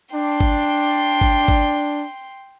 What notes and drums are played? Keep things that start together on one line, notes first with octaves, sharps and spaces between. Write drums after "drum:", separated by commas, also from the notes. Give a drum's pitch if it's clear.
D4 G5 C6
drum: kick G#1
drum: kick G#1
drum: kick G#1